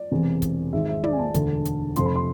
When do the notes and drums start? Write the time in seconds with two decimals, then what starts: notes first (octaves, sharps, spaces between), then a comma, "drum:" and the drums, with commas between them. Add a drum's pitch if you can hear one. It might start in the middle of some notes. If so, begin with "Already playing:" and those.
Already playing: D5
0.11 E1 E2 C3
0.42 drum: kick, hi-hat
0.73 G#1 G#2 G#3 E5
0.88 E5
1.04 D5, drum: tom
1.13 G#5
1.19 A5
1.34 E1 D2 D3 A3 D4, drum: kick, hi-hat
1.65 drum: hi-hat
1.96 F1 F2 C3 F3 C6, drum: hi-hat
2.06 B5
2.16 C6